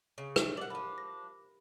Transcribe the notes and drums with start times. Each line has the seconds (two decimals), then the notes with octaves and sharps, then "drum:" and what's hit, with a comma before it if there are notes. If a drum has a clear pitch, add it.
0.18 C#3
0.36 E5, drum: rim click
0.57 G4 A#4 D5 F#5 F#7
0.70 F3 D4 B5
0.98 A#6